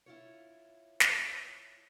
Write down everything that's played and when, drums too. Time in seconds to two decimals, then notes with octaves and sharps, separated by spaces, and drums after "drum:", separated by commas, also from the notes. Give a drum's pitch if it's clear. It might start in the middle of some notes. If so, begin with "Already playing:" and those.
0.06 E4 F4 C#5
1.00 drum: snare